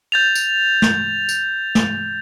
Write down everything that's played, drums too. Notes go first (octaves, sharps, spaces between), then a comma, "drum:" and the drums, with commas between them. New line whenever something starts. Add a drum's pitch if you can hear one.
G6 A6 F7
drum: tambourine
drum: snare
drum: tambourine
drum: snare